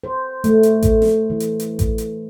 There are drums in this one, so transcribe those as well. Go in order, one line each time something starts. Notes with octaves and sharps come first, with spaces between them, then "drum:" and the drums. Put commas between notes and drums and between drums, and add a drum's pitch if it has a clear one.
C5
A3, drum: hi-hat
drum: hi-hat
drum: kick A1, hi-hat
drum: snare
E3
drum: hi-hat
drum: hi-hat
drum: kick A1, hi-hat
drum: hi-hat